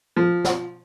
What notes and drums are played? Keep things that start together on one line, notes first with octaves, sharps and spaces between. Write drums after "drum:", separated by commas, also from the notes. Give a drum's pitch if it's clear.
F3
drum: snare